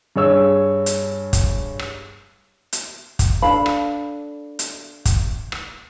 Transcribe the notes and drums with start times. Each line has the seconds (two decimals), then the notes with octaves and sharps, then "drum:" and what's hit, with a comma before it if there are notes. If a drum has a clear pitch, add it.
0.16 G2 G#4 C#5 E6
0.86 drum: hi-hat
1.33 drum: kick, hi-hat
1.79 drum: rim click
2.73 drum: hi-hat
3.19 drum: kick, hi-hat
3.42 D4 A4 F5 B5
3.66 drum: rim click
4.59 drum: hi-hat
5.05 drum: kick, hi-hat
5.52 drum: rim click